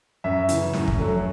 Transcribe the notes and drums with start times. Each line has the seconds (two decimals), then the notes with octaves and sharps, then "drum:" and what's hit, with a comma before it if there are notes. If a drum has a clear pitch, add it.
0.24 F#2 E5
0.49 C#3 E3, drum: hi-hat
0.73 F#2, drum: snare
0.88 drum: kick
0.98 F#3 A3